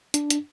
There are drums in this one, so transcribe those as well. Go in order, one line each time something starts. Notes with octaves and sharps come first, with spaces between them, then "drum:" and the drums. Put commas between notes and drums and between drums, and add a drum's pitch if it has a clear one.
D4, drum: hi-hat
drum: hi-hat